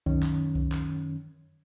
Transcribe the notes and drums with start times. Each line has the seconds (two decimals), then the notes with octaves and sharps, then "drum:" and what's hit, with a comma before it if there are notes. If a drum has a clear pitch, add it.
0.06 F#2 D#3 C#4, drum: kick C2
0.23 drum: clap
0.55 drum: kick C2
0.72 drum: clap